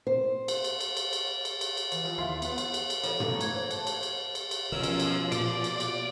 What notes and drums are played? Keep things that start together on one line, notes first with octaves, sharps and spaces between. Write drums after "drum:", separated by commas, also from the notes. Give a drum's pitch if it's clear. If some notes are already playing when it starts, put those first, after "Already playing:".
C5
drum: cymbal
drum: cymbal
drum: cymbal
drum: cymbal
drum: cymbal
drum: cymbal
drum: cymbal
drum: cymbal
E3, drum: cymbal
F3
D#2 E4 F5 C6
B3, drum: cymbal
drum: cymbal
drum: cymbal
drum: cymbal
F3 F4 A4 C#5 D#5, drum: cymbal
E3 A3 A#3 A5 A#5, drum: tom
G#6, drum: cymbal
C5 C#5
A5, drum: cymbal
drum: cymbal
drum: cymbal
drum: cymbal
drum: cymbal
B2 F3 C#4 A#4 E6
drum: cymbal
drum: cymbal
A#2 D5, drum: cymbal
drum: cymbal
drum: cymbal